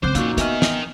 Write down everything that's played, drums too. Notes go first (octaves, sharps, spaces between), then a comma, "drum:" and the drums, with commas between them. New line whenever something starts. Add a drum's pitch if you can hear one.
C#2 C4 C5 D6 F#6 G6
A#2 A#3 C#4 D#4 F#4, drum: hi-hat
B3 A#4 D#5 E5 G#5 F6, drum: hi-hat
drum: snare